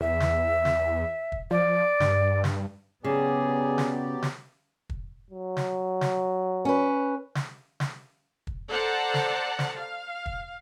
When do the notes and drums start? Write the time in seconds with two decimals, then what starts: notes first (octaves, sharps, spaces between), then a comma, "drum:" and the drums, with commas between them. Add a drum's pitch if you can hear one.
0.01 E2 E5
0.20 drum: snare
0.65 drum: snare
1.32 drum: kick
1.51 F3 D5
2.00 G2, drum: snare
2.44 drum: snare
3.04 C#3 F#3 B3 G4 G#4 D5
3.78 drum: snare
4.22 drum: snare
4.90 drum: kick
5.30 F#3
5.57 drum: snare
6.01 drum: snare
6.65 C#4 B4
7.35 drum: snare
7.80 drum: snare
8.47 drum: kick
8.69 A4 C5 D5 F#5 A5 A#5
9.14 drum: snare
9.59 drum: snare
9.76 F5
10.26 drum: kick